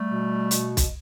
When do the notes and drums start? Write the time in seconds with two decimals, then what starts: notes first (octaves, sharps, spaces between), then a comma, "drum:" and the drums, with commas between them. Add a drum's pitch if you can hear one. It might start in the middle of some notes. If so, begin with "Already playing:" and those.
Already playing: G3 A3
0.10 B2
0.51 B2, drum: hi-hat
0.77 drum: kick B1, hi-hat